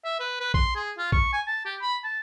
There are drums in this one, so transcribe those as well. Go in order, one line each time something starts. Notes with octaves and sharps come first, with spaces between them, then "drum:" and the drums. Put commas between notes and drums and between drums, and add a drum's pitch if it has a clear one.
E5
B4
B4
C6, drum: kick A#1
G#4
F4
C#6, drum: kick A#1
G#5
A5
G4
B5
A5